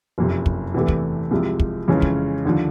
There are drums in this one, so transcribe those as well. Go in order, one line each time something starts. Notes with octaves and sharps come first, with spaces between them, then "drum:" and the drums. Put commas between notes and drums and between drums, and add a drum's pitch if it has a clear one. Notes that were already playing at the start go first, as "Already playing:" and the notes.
F#1 F2 C3
drum: kick
E2 C3 E3 A3
drum: kick
C2 C3 F3 G#3
drum: kick
F2 C#3 E3 G#3 C#4
drum: kick
D#2 D3 F3